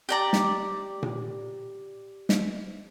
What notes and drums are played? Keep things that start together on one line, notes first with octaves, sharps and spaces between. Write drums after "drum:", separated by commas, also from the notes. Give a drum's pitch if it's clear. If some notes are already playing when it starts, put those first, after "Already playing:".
G4 D5 A#5
drum: snare
drum: tom A#2
drum: snare